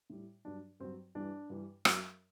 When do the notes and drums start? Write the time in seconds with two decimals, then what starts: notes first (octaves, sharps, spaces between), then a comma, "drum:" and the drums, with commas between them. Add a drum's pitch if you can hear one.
0.10 A2 G3
0.45 G2 F#3 D4
0.80 G2 F#3 C4
1.15 G2 E3 G3 D4
1.50 G2 E3 G3
1.85 F#2 F#3, drum: rim click